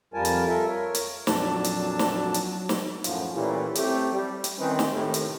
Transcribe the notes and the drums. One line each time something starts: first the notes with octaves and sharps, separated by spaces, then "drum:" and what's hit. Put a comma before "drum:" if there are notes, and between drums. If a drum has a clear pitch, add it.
F2 G3 F4 A#4 G#5 A5
drum: hi-hat
F4 A4 A#4 E5
A#4 C#5
drum: hi-hat
F2 A#2 F#3 D4 A5, drum: snare
drum: hi-hat
drum: snare
drum: hi-hat
drum: snare
F#2 A2 F3, drum: hi-hat
A#2 E3 G3 A3 C#4 E4
A3 C4 G4, drum: hi-hat
G3
drum: hi-hat
D#3 C4 C#4 D#4 E4 B4
drum: snare
A2 C3 D#3
drum: hi-hat